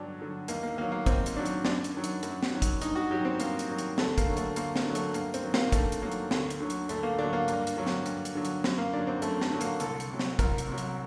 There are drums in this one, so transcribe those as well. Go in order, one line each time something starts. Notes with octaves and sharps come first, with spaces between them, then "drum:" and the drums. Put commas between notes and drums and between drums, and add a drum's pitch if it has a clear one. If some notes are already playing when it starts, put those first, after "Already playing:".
Already playing: G2 D3 F#3 D4
D3 F#3
D#2 A#3, drum: hi-hat
A#3
D#3 F#3 A#3
A#3
D#2 C4, drum: kick, hi-hat
drum: hi-hat
D#3 F#3 D4
drum: hi-hat
F#2 D4, drum: snare
drum: hi-hat
D#3 F#3
drum: hi-hat
F#2, drum: hi-hat
drum: snare
D#3 F#3
drum: kick, hi-hat
G2 D#4, drum: hi-hat
F#4
D#3 F#3 G4
C4
G2 A#3, drum: hi-hat
drum: hi-hat
D#3 F#3
drum: hi-hat
D2 A3, drum: snare
A#3, drum: kick, hi-hat
D3 F#3
A3, drum: hi-hat
D2 A#3, drum: hi-hat
drum: snare
D3 F#3
A3, drum: hi-hat
G2 A#3, drum: hi-hat
C4, drum: hi-hat
D#3 F#3
A#3, drum: snare
G2 A3, drum: kick, hi-hat
drum: hi-hat
D#3 F#3 A#3
drum: hi-hat
D2, drum: snare
drum: hi-hat
D3 F#3
drum: hi-hat
D2 A3, drum: hi-hat
A#3
D3 F#3 D4
A#3
G2, drum: hi-hat
drum: hi-hat
D3 F#3
drum: snare
G2, drum: hi-hat
drum: hi-hat
D3 F#3
drum: hi-hat
F#2, drum: snare
A#3
D3 F#3 D4
C4
F#2 A3, drum: hi-hat
A3, drum: snare
D3 F#3
A#3, drum: hi-hat
C2 A4, drum: hi-hat
drum: hi-hat
C3 F#3
drum: snare
C2 A#4, drum: kick, hi-hat
drum: hi-hat
C3 F#3
drum: hi-hat